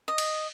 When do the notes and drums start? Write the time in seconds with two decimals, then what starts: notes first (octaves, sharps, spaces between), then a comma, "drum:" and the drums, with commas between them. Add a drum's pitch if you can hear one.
0.08 D#5
0.18 drum: cymbal